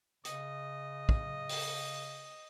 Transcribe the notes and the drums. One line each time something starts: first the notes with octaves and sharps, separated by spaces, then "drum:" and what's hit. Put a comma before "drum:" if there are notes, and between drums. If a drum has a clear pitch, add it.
C#3 D#5, drum: hi-hat
drum: kick
drum: open hi-hat